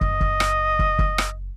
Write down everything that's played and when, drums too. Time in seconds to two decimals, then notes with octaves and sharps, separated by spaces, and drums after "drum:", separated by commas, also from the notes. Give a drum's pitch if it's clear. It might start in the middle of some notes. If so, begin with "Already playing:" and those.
0.01 F#1 D#5, drum: kick
0.21 drum: kick
0.40 drum: rim click
0.79 drum: kick
0.99 drum: kick
1.18 drum: rim click